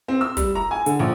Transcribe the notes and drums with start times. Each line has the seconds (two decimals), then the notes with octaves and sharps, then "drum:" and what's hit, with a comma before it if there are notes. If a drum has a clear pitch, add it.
0.08 C4
0.21 E6
0.37 G3, drum: kick, hi-hat
0.55 A#5
0.71 G#5
0.86 D3, drum: hi-hat
0.99 A#1